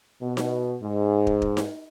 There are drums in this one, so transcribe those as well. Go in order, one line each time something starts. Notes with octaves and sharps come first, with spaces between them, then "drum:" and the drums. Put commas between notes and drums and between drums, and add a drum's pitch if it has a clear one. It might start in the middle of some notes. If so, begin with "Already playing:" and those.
B2
drum: snare D#4
G#2
drum: kick
drum: kick
drum: snare D#4